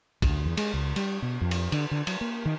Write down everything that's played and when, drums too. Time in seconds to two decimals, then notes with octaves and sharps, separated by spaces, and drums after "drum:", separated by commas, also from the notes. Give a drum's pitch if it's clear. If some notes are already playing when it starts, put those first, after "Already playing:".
0.22 D2, drum: kick, cymbal
0.46 E2
0.57 G#3, drum: cymbal
0.74 C#2
0.96 G3, drum: cymbal
1.22 B2
1.41 F2
1.51 drum: cymbal
1.72 D3, drum: cymbal
1.91 D3
2.07 F#3, drum: cymbal
2.21 A#3
2.46 D#3